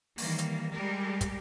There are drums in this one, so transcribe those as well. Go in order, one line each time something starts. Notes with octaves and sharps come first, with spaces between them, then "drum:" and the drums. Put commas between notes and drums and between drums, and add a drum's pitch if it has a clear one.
D#3 E3 G3 A#3, drum: open hi-hat
drum: hi-hat
G3 G#3 G4 G#4 A#4
drum: kick, hi-hat